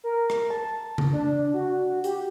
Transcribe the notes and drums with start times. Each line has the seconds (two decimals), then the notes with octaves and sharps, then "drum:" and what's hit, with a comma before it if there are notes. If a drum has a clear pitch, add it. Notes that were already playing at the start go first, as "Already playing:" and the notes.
0.04 A#4
0.30 drum: rim click
0.50 A5
0.98 drum: tom C#3
1.12 D4
1.54 F#4
2.04 G4, drum: hi-hat